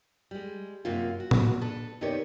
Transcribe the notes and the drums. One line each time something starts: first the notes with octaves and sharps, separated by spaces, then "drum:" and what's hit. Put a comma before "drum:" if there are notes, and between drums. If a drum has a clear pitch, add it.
G3 G#3
F#2 C3 A#3 F4
F#4
drum: tom A2
D4 A4 B4
C3 D#3 B3 G4 C#5 D5